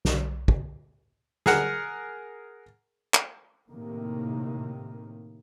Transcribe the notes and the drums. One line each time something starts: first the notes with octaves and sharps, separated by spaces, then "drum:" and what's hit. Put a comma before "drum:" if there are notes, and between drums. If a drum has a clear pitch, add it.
B1, drum: snare
drum: kick
G#4 A#4 F#5, drum: snare
drum: clap
A2 C3 D#3 A#3